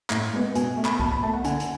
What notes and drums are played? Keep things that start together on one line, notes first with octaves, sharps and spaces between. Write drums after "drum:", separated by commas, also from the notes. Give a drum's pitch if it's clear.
A2, drum: clap
G#3 B3
B2 G#5, drum: hi-hat
A3
B5, drum: clap
B5
B2 A5, drum: kick C2
B5
A3 A5
F#5
D3 G#5, drum: hi-hat
drum: hi-hat